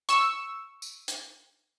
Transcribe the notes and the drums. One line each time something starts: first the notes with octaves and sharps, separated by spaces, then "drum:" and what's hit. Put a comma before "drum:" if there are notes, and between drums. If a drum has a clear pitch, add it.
C#6 E6, drum: hi-hat
drum: tambourine
drum: hi-hat